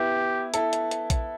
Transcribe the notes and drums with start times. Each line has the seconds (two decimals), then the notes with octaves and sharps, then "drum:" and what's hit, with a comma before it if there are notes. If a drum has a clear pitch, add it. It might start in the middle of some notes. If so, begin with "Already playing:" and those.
Already playing: B3 E4 G4
0.54 E4 A4, drum: hi-hat
0.73 drum: hi-hat
0.91 drum: hi-hat
1.10 drum: kick A#1, hi-hat